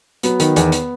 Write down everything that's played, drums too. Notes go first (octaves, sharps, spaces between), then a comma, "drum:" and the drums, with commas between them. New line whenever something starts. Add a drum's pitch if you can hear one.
F#3 B3, drum: hi-hat
D#3, drum: hi-hat
E2, drum: hi-hat
drum: hi-hat